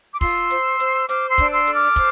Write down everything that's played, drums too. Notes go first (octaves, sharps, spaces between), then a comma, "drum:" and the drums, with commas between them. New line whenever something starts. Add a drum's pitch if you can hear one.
D6
F4 C6 E6, drum: kick, open hi-hat
C5, drum: hi-hat
C5, drum: hi-hat
C5 D6 F6, drum: hi-hat
C6 E6
D4, drum: kick, hi-hat
C6 E6
A4, drum: hi-hat
D6 F6
C5, drum: kick, hi-hat